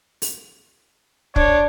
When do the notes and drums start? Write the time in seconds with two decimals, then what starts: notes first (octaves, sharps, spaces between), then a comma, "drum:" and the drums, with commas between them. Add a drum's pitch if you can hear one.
0.22 drum: open hi-hat
1.36 D4 C#5, drum: kick